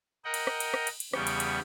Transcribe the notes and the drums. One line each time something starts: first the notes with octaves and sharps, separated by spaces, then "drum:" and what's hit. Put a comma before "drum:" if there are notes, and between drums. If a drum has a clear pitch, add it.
A#4 D#5 F#5 G5
drum: cymbal
drum: rim click
drum: cymbal
drum: rim click
drum: cymbal
drum: cymbal
E2 C#3 G3 B3 G5 C#6, drum: rim click
drum: cymbal
drum: cymbal